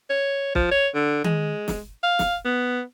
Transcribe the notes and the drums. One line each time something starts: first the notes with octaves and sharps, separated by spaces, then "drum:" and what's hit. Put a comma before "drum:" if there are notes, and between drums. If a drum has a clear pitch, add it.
C#5
F3, drum: kick
C#5
D3
G#3, drum: tom D#3
drum: snare
F5
drum: snare
B3